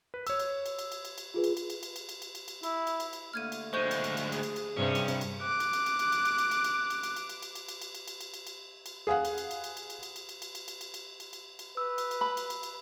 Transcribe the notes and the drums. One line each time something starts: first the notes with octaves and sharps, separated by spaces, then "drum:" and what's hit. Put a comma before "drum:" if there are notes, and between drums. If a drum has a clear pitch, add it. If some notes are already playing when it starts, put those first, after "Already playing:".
B4
C#5 E6, drum: cymbal
drum: cymbal
drum: cymbal
drum: cymbal
drum: cymbal
drum: cymbal
drum: cymbal
F4 G#4 B4
drum: cymbal
drum: cymbal
drum: cymbal
drum: cymbal
drum: cymbal
drum: cymbal
drum: cymbal
drum: cymbal
drum: cymbal
E4, drum: cymbal
drum: cymbal
drum: cymbal
drum: cymbal
D3 A3 A#3 F6 G#6 D#7
drum: cymbal
D2 G#3 C5 C#6 G6
drum: cymbal
drum: cymbal
drum: cymbal
G#4, drum: cymbal
drum: cymbal
drum: cymbal
G2 C3 C#4
drum: cymbal
drum: cymbal
drum: cymbal
D6 F#6
drum: cymbal
drum: cymbal
drum: cymbal
drum: cymbal
drum: cymbal
drum: cymbal
drum: cymbal
drum: cymbal
drum: cymbal
drum: cymbal
drum: cymbal
drum: cymbal
drum: cymbal
drum: cymbal
drum: cymbal
drum: cymbal
drum: cymbal
drum: cymbal
drum: cymbal
drum: cymbal
drum: cymbal
drum: cymbal
drum: cymbal
G#4 F5 F#5
drum: cymbal
drum: cymbal
drum: cymbal
drum: cymbal
drum: cymbal
drum: cymbal
drum: cymbal
drum: cymbal
drum: cymbal
drum: cymbal
drum: cymbal
drum: cymbal
drum: cymbal
drum: cymbal
drum: cymbal
drum: cymbal
drum: cymbal
B4 E6
drum: cymbal
drum: cymbal
B5
drum: cymbal
drum: cymbal
drum: cymbal